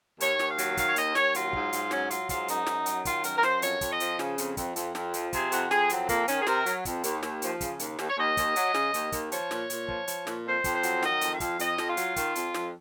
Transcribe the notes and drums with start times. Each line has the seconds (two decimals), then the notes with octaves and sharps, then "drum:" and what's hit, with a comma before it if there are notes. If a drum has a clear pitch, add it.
0.20 D#2 C#5, drum: hi-hat
0.39 D#2, drum: snare
0.49 F5
0.58 F#3, drum: hi-hat
0.77 D#3 F5, drum: kick, hi-hat
0.89 C#5
0.96 D#2 D#5, drum: hi-hat
1.15 D#2 C#5, drum: snare
1.34 F#3 F4, drum: hi-hat
1.53 G#2, drum: kick
1.73 G#2, drum: hi-hat
1.91 F#3 C#4, drum: snare
2.11 F#3 F4, drum: hi-hat
2.29 G#2 F4, drum: kick, hi-hat
2.48 F#2 D#4, drum: hi-hat
2.67 F#2, drum: snare
2.86 F#3, drum: hi-hat
3.05 D#3 F4, drum: kick, hi-hat
3.24 F#2 A#4, drum: hi-hat
3.37 A#4
3.43 F#2 C5, drum: snare
3.62 F2 C#5, drum: hi-hat
3.81 F2, drum: kick, hi-hat
3.91 D#5
4.00 F3, drum: hi-hat
4.19 C#3, drum: snare
4.38 F2, drum: hi-hat
4.57 F2, drum: kick, hi-hat
4.76 F2, drum: hi-hat
4.95 F2, drum: snare
5.14 F3, drum: hi-hat
5.33 C3 G#4, drum: kick, hi-hat
5.52 F2 F#4, drum: hi-hat
5.71 F2 G#4, drum: snare
5.89 F#3 C4, drum: hi-hat
6.09 F2 A#3, drum: kick, hi-hat
6.28 D#3 C#4, drum: hi-hat
6.41 G#4
6.47 C3 A#4, drum: snare
6.66 F#3, drum: hi-hat
6.85 F2, drum: kick, hi-hat
7.04 D#2, drum: hi-hat
7.23 D#2, drum: snare
7.42 F3, drum: hi-hat
7.61 C#3, drum: kick, hi-hat
7.79 D#2, drum: hi-hat
7.99 D#2, drum: snare
8.10 C#5
8.18 D#2 D#5
8.37 D#2, drum: kick, hi-hat
8.56 F#3, drum: hi-hat
8.75 C#3, drum: snare
8.94 D#2, drum: hi-hat
9.12 D#2, drum: kick, hi-hat
9.32 F3 C#5, drum: hi-hat
9.51 A#2, drum: snare
9.70 A#2, drum: hi-hat
9.88 F3, drum: kick
10.08 F3, drum: hi-hat
10.27 A#2, drum: snare
10.46 F2 C5
10.64 F2, drum: kick, hi-hat
10.74 C5
10.83 F#3, drum: hi-hat
11.03 D#3 D#5, drum: snare
11.21 F2, drum: hi-hat
11.31 F5
11.40 F2, drum: kick, hi-hat
11.59 F2 D#5, drum: hi-hat
11.78 F2, drum: snare
11.89 F4
11.97 F#3, drum: hi-hat
12.16 D#3, drum: kick, hi-hat
12.35 F2, drum: hi-hat
12.54 F2, drum: snare